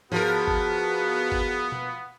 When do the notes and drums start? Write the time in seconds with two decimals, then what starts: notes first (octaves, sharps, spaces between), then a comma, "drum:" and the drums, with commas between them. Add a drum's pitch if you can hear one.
0.12 F3 B3 F#4 G#4 A#4, drum: tom G#2
0.48 drum: kick G1
1.32 drum: kick G1
1.72 drum: tom B2